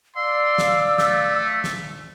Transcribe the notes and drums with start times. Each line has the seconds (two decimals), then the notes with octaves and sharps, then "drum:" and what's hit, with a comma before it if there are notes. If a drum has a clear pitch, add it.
0.16 D5 F5 C6 E6
0.58 drum: snare
0.98 A3, drum: snare
1.64 drum: snare